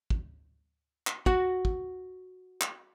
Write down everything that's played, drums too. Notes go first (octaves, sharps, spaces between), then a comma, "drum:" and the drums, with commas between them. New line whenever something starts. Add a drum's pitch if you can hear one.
drum: kick
drum: clap
F#4 F#5, drum: kick
drum: kick
drum: clap